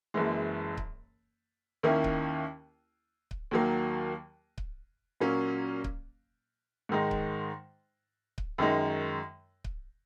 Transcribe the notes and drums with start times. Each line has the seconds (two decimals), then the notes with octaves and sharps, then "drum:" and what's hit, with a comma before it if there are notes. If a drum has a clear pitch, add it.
0.14 F#1 F#2 E3 G#3
0.77 drum: kick C#1
1.83 D#2 D#3 A#3 C#4 E4
2.04 drum: kick C#1
3.31 drum: kick C#1
3.51 D#2 D#3 F#3 A#3
4.58 drum: kick C#1
5.20 A#2 F#3 A#3 C#4
5.84 drum: kick C#1
6.89 G#2 D#3 G#3 D#4
7.11 drum: kick C#1
8.38 drum: kick C#1
8.58 F#2 D#3 G#3 D#4
9.64 drum: kick C#1